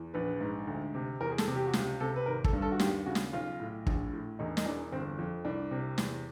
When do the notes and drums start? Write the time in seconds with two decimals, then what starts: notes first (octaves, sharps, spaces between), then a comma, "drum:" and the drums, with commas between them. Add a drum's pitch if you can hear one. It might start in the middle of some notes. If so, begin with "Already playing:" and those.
Already playing: E2
0.14 A#1 B4
0.41 G#2
0.67 D2
0.95 C3
1.21 E2 A#4
1.32 G#4
1.38 A4, drum: snare
1.48 C3
1.55 G4
1.67 F#4
1.73 C#2 G4, drum: snare
2.00 C3 A4
2.16 B4
2.26 G#1 A#4
2.44 A4, drum: kick
2.53 G2
2.62 A4
2.72 F#4
2.79 D#2 G4, drum: snare
3.06 C#3 F#4
3.15 drum: snare
3.33 B1 F4
3.60 A2
3.87 A#1, drum: kick
4.13 A2
4.39 E1 D#4
4.57 D#4, drum: snare
4.66 E2 D4
4.92 G1 C4
5.19 F2
5.45 C2 D4
5.71 C3
5.98 E2, drum: snare